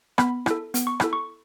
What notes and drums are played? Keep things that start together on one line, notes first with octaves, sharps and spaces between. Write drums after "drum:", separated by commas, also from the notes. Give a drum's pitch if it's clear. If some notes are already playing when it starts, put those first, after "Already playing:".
B3 B5, drum: rim click
E4 A4, drum: rim click
B3, drum: hi-hat
C#6
E4 A4 B5, drum: rim click
C#6